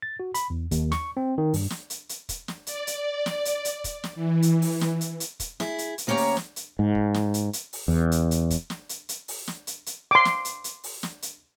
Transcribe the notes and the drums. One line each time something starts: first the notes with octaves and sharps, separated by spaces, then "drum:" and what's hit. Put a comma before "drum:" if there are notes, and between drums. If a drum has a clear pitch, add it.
A6
F#4
B5, drum: hi-hat
E2
D#2, drum: kick, hi-hat
C#6, drum: snare
C4
D#3
G2, drum: open hi-hat
drum: snare
drum: hi-hat
drum: hi-hat
drum: kick, hi-hat
drum: snare
D5, drum: hi-hat
drum: hi-hat
drum: snare
drum: hi-hat
drum: hi-hat
drum: kick, hi-hat
drum: snare
E3
drum: hi-hat
drum: open hi-hat
drum: snare
drum: hi-hat
drum: hi-hat
drum: kick, hi-hat
E4 G#4, drum: snare
drum: hi-hat
drum: hi-hat
D2 A#3 C#4 G4 C#5 A#5
drum: open hi-hat
drum: snare
drum: hi-hat
G#2
drum: kick
drum: snare
drum: hi-hat
drum: hi-hat
drum: open hi-hat
E2
drum: hi-hat
drum: hi-hat
drum: kick, hi-hat
drum: snare
drum: hi-hat
drum: hi-hat
drum: open hi-hat
drum: snare
drum: hi-hat
drum: hi-hat
C6 D6
drum: snare
drum: hi-hat
drum: hi-hat
drum: open hi-hat
drum: snare
drum: hi-hat